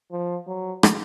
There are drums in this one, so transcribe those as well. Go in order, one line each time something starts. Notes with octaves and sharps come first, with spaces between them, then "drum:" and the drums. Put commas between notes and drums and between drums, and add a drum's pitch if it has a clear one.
F3
F#3
drum: rim click